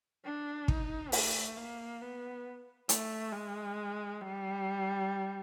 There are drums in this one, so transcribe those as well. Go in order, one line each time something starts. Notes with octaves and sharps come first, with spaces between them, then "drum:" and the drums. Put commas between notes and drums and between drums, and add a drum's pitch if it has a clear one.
D4
D#4, drum: kick
A3, drum: open hi-hat
A#3
B3
A3, drum: hi-hat
G#3
G3